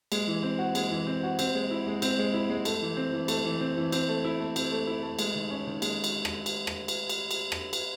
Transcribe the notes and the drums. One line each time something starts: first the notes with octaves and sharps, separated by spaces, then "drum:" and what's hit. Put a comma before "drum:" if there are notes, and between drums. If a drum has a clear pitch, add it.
G#3, drum: cymbal
E3
C4
F#4
G#3, drum: cymbal
E3
C4
F#4
C4, drum: cymbal
G#3
E4
G#3
C4, drum: cymbal
G#3
E4
G#3
A3, drum: cymbal
E3
C4
E3
A3, drum: cymbal
E3
C4
E3
C4, drum: cymbal
A3
E4
A3
C4, drum: cymbal
A3
E4
A3
G#3, drum: cymbal
D#3
C#4
D#3
G#3, drum: cymbal
drum: cymbal
drum: rim click
drum: cymbal
drum: rim click
drum: cymbal
drum: cymbal
drum: cymbal
drum: rim click
drum: cymbal